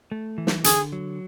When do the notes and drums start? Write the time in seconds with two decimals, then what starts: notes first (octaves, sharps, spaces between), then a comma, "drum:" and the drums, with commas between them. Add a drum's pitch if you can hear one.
0.12 A3
0.38 E3
0.47 drum: snare
0.64 D3 G#4, drum: hi-hat
0.92 F#3